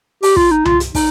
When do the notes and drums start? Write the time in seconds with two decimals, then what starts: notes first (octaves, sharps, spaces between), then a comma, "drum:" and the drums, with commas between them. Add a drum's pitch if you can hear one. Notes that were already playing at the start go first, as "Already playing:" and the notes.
0.23 G4, drum: open hi-hat
0.36 F4, drum: kick
0.51 D#4
0.65 F4, drum: tom C2
0.80 drum: hi-hat
0.95 D#4, drum: kick, open hi-hat